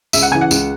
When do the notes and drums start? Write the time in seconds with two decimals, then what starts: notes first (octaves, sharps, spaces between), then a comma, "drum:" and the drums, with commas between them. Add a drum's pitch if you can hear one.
0.13 C#2 E5, drum: tambourine
0.23 F#5
0.31 C#3 E3 G#5
0.41 F#5
0.51 C#2, drum: tambourine